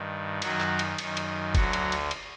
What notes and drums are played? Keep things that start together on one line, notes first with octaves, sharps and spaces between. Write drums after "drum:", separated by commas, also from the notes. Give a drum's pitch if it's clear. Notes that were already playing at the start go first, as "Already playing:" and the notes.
Already playing: G2 D#3
F#2 D#3 F#3 F#4, drum: cymbal
drum: clap
drum: cymbal
F#2 D#3, drum: cymbal
drum: cymbal
D2 D3 F#3 F#4, drum: kick, cymbal
drum: cymbal
drum: cymbal
drum: cymbal